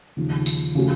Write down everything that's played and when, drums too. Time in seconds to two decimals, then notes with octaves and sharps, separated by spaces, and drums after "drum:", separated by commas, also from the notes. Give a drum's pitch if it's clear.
0.17 D#2 C#3 F3
0.46 drum: tambourine
0.75 C#3 F3 A3 C#4 F#4